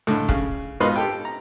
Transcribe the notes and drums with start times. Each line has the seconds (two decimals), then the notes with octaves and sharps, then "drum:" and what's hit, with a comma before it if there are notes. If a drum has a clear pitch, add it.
0.07 C#2 A2 D3
0.29 C#3, drum: kick
0.80 G#2 B2 F4 B4 D#5 C6
0.96 G4 A4 G5
1.25 A#5